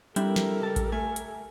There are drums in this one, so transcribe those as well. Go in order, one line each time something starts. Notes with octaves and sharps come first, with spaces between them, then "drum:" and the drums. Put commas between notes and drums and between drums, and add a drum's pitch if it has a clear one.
G3 C4 D4 E4 G4 A4 A#4, drum: hi-hat
drum: snare
C#2 A5
drum: kick A1, hi-hat
A3 G#5
drum: hi-hat